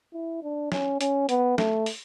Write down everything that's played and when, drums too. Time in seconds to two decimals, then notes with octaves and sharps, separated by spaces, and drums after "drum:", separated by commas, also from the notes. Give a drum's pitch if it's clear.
0.13 E4
0.43 D4
0.72 C#4, drum: snare
1.01 C#4, drum: hi-hat
1.29 B3, drum: hi-hat
1.58 A3, drum: snare
1.86 drum: open hi-hat